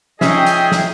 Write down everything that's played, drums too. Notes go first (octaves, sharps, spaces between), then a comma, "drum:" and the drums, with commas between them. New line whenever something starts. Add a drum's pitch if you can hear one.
F3 C#4 D#4 G#4 D#5 E5 G5, drum: snare
drum: hi-hat
drum: snare